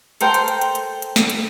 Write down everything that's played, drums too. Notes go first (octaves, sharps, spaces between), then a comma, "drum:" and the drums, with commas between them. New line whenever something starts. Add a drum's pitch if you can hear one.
A4 A#4 C5 G5, drum: hi-hat
drum: hi-hat
drum: hi-hat
drum: hi-hat
drum: hi-hat
drum: hi-hat
drum: snare
drum: hi-hat